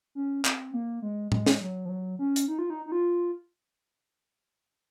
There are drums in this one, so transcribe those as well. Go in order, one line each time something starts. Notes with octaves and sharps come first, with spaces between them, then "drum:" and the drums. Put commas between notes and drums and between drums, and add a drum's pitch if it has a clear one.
C#4
C4, drum: clap
A#3
G#3
G#3, drum: tom A2
drum: snare
F#3
F3
F#3
C#4
drum: hi-hat
D#4
F4
D#4
D#4
F4